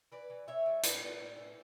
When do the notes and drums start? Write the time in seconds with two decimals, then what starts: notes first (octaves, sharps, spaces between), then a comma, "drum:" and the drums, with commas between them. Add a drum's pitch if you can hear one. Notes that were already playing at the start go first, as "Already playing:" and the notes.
0.12 E3 B4 D5
0.30 E3
0.48 E3 C#5 E5
0.66 G3
0.83 A2 B4 D5, drum: hi-hat
1.01 A2
1.19 A2
1.37 E3